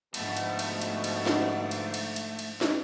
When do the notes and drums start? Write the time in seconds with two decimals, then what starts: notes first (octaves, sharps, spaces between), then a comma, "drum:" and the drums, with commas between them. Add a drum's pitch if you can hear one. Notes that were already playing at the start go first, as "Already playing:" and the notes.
0.14 G#2 B2 D3 F3 A3, drum: cymbal
0.37 drum: cymbal
0.59 drum: cymbal
0.81 drum: cymbal
1.04 drum: cymbal
1.26 drum: snare
1.71 drum: cymbal
1.94 drum: cymbal
2.16 drum: cymbal
2.39 drum: cymbal
2.61 drum: snare